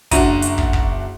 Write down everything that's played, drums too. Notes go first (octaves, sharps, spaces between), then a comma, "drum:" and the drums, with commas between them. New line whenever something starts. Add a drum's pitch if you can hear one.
F#1 D4 E4 F#4 A#5 D#7, drum: kick, hi-hat
drum: hi-hat
drum: kick
drum: kick